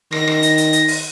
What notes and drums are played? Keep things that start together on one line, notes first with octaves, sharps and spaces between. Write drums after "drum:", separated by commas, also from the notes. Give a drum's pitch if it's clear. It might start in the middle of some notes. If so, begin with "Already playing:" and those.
D#3 A#6, drum: rim click
drum: rim click
drum: hi-hat
drum: hi-hat
drum: hi-hat
drum: open hi-hat